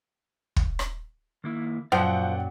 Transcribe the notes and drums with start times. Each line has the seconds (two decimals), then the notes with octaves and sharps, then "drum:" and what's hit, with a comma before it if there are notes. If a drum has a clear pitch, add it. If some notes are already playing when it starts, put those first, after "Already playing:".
0.56 drum: kick
0.79 drum: rim click
1.44 D#3 A#3 E4
1.92 F#2 A#2 F3 F#3 D5 F#5 G5